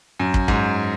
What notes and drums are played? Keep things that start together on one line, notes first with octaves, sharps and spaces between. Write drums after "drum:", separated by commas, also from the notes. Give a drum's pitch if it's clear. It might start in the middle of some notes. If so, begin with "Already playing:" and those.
F#2
drum: kick
G#2, drum: kick